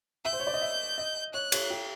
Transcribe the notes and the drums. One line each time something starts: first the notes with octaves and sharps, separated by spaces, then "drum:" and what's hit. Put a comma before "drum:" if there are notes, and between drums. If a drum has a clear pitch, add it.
E5 G6
C5
C#5
D5
D#5
E5
D#5
C#5 F#6
C#5, drum: cymbal
G4